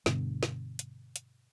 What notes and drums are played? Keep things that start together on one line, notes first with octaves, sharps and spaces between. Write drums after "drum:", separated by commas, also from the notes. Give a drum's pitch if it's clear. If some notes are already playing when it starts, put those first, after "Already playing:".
G2 B2 D3, drum: snare
drum: snare
drum: hi-hat
drum: hi-hat